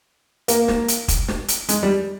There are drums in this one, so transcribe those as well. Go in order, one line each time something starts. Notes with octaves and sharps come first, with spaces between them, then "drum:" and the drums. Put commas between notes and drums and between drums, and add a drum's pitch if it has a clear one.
A#3, drum: hi-hat
drum: snare
drum: hi-hat
drum: kick, hi-hat
drum: snare
drum: hi-hat
G#3, drum: hi-hat
G3